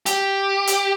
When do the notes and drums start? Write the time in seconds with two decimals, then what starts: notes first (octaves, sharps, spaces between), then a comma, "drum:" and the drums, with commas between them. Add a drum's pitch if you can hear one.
0.06 G4, drum: hi-hat
0.67 drum: hi-hat